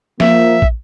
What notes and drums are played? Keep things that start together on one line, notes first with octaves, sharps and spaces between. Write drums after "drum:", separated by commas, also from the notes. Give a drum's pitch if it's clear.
F3 A#3 E5, drum: snare
drum: kick